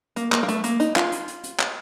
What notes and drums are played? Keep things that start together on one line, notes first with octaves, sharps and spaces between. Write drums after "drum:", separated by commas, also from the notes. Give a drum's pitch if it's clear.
A#3, drum: hi-hat
A#3, drum: clap
A#3
A3, drum: hi-hat
A#3, drum: hi-hat
D#4, drum: hi-hat
F4, drum: clap
drum: hi-hat
drum: hi-hat
drum: hi-hat
drum: clap